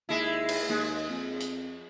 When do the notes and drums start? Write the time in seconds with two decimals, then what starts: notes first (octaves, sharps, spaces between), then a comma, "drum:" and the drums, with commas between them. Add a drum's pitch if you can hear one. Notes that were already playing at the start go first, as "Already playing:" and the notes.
0.09 D#2 G#3 E4
0.49 drum: cymbal
0.69 D#2 G#3
1.10 F2
1.40 drum: hi-hat